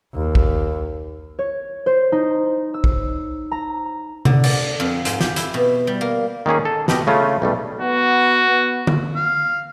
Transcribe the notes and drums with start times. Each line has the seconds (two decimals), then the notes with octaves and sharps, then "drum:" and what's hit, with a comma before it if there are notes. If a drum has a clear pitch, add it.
0.14 D#2
0.35 drum: kick
1.39 C#5
1.86 C5
2.12 D#4
2.74 E6
2.84 drum: kick
3.52 A#5
4.25 D3, drum: tom C3
4.44 D5, drum: cymbal
4.80 F2
5.05 G#2, drum: hi-hat
5.21 G4, drum: snare
5.36 E4, drum: hi-hat
5.54 B2
5.87 G3
6.01 A#3
6.46 D#3 A#3 C#4 G#4
6.65 A4
6.88 B2 G4 D#5, drum: snare
7.07 C#3 A3 C#4 F4
7.42 B1 G3 A3
7.81 B3 F#4
8.49 B3
8.87 drum: tom D3
9.16 F5